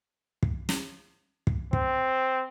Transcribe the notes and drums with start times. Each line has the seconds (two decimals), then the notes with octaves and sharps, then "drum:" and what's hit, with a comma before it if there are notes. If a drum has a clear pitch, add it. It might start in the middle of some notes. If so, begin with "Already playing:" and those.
0.43 drum: kick
0.69 drum: snare
1.47 drum: kick
1.73 C4, drum: kick